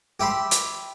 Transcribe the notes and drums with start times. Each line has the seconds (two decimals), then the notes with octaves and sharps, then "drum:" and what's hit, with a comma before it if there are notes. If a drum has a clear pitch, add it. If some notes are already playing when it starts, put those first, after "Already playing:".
0.20 G4 E5 B5 C6
0.51 drum: hi-hat